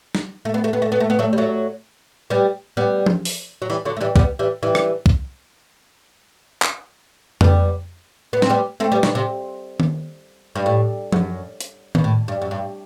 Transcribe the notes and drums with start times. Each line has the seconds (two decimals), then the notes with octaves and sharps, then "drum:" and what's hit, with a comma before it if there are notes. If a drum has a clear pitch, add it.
0.15 drum: snare
0.45 A3
0.54 B3
0.64 A3
0.73 B3
0.82 A3
0.92 B3
1.00 A3
1.10 B3
1.19 F#3 A3
1.33 G3
1.38 F#3 A3
2.30 G3 B3
2.77 G3 B3
3.06 drum: tom F3
3.25 drum: open hi-hat
3.62 F#3
3.70 E3 G3
3.85 D3 F#3
3.97 A3
4.01 E3 G3
4.16 G3 B3, drum: kick
4.39 E3 G3
4.63 E3 G3
4.75 drum: rim click
5.06 drum: kick
6.62 drum: clap
7.41 G3 B3, drum: tom F2
8.33 B3
8.42 C4, drum: snare
8.50 G3 B3
8.80 A3 C4
8.92 G3 B3
9.03 B2 D3, drum: snare
9.15 C3
9.80 drum: tom D#3
10.56 G2
10.66 A2
11.12 F#2, drum: tom F3
11.61 drum: hi-hat
11.95 B2, drum: tom D#3
12.04 A2
12.28 G2
12.42 F#2
12.51 G2